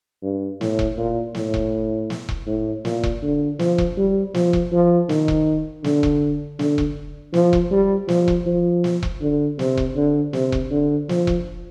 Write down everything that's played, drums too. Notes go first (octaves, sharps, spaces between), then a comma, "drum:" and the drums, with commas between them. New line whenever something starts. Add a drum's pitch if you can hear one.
G2
A2, drum: snare
drum: kick E1
A#2
A2, drum: snare
drum: kick E1
drum: snare
drum: kick E1
A2
A#2, drum: snare
drum: kick E1
D3
F3, drum: snare
drum: kick E1
G3
F3, drum: snare
drum: kick E1
F3
D#3, drum: snare
drum: kick E1
D3, drum: snare
drum: kick E1
D3, drum: snare
drum: kick E1
F3, drum: snare
drum: kick E1
G3
F3, drum: snare
drum: kick E1
F3
drum: snare
drum: kick E1
D3
C3, drum: snare
drum: kick E1
D3
C3, drum: snare
drum: kick E1
D3
F3, drum: snare
drum: kick E1